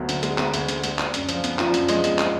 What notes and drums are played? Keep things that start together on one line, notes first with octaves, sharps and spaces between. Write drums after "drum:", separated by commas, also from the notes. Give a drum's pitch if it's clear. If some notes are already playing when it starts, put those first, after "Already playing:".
Already playing: D2 F#3 B3
D3, drum: hi-hat
G#3, drum: hi-hat
B3, drum: clap
D2, drum: hi-hat
D3, drum: hi-hat
G#3, drum: hi-hat
D4, drum: clap
F#2, drum: hi-hat
F3, drum: hi-hat
B3, drum: hi-hat
F3 D4, drum: clap
F#2, drum: hi-hat
F3 G#3, drum: hi-hat
B3, drum: hi-hat
drum: clap